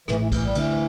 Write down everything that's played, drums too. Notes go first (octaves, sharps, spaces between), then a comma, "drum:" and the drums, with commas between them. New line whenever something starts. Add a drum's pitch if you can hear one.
A1 A2 E3 A3, drum: rim click
E3
E3, drum: kick A#1, cymbal
G3
D2 D3 E3 A3 D4, drum: cymbal